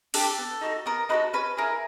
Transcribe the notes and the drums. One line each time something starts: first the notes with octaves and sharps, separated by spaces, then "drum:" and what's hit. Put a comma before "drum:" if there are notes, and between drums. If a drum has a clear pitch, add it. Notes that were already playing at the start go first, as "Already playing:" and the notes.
D4 G4 A4, drum: open hi-hat
B3
D#4 F#4 A4
B3 A#4
D#4 F#4 A4 B4
C#4 B4
E4 G#4 A#4